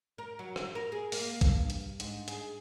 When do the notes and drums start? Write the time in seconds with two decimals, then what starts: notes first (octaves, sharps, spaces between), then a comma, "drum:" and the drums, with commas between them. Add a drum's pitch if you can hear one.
0.18 A#4
0.39 F#3
0.56 drum: rim click
0.75 A#4
0.92 G#4
1.12 A#3, drum: open hi-hat
1.41 G2, drum: kick A#1, hi-hat
1.70 drum: hi-hat
2.00 G#2, drum: hi-hat
2.28 G#4, drum: hi-hat